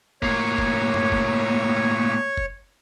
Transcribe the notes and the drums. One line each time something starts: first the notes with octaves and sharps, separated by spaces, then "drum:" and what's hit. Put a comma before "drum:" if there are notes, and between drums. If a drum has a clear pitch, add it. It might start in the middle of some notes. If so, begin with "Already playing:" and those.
A2 A#3 C#5, drum: kick F#1
drum: kick F#1
drum: tom F#2
drum: kick F#1
drum: kick F#1